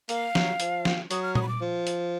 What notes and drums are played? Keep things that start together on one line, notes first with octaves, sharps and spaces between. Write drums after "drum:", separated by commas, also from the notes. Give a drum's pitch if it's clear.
A#3 F5, drum: hi-hat
F#3, drum: snare
F3, drum: hi-hat
drum: snare
F#3 D#6, drum: hi-hat
F6
D#6, drum: tom A#2
B5
D6
F3
drum: hi-hat